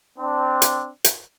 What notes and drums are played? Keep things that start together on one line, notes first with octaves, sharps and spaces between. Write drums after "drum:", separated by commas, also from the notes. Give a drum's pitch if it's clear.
C4 D4
drum: hi-hat
drum: hi-hat